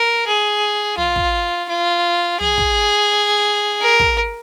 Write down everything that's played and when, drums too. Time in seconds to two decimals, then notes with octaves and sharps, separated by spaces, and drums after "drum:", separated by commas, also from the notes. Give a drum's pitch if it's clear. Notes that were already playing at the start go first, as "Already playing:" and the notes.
Already playing: A#4
0.27 G#4
0.98 F4, drum: tom
1.16 drum: kick
1.69 F4
2.41 G#4, drum: tom
2.58 drum: kick
3.81 A#4
4.00 drum: kick